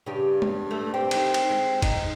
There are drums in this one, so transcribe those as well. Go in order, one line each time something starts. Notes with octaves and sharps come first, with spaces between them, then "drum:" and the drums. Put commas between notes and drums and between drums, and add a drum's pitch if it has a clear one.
G2 C#3 G4
drum: tom G#3
A3
C4 G4
D2 D#3 D#4, drum: cymbal
drum: cymbal
G#3
D#4, drum: kick F#1, cymbal